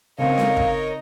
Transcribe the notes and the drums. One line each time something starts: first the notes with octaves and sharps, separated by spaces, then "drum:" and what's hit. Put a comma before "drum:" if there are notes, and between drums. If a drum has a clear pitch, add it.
C#3 C4 D#4 A#4 C#5 D#5 F5
drum: snare
drum: kick